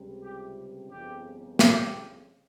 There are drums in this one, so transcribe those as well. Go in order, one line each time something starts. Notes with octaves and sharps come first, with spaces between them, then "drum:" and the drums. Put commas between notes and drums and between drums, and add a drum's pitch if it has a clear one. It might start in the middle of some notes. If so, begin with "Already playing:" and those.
Already playing: C#2 C3 G3
G4
G1 F2 C#3 G4
G4, drum: snare